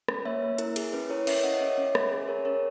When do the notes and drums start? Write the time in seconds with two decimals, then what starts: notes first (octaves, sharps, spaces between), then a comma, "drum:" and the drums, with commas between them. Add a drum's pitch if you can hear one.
0.08 C#4, drum: rim click
0.25 A#3 C#5 E5
0.42 A#3
0.58 E4 A#4, drum: hi-hat
0.76 G#4, drum: cymbal
0.93 C#4 B4
1.09 E4 A#4 C#5
1.27 C#4 C#5 E5, drum: cymbal
1.43 C#4 D#5 F#5
1.60 C#4 C#5 E5
1.77 C#4
1.95 C#4, drum: rim click
2.11 G#4
2.28 G#4 A#4 C#5
2.45 C#4 A#4 C#5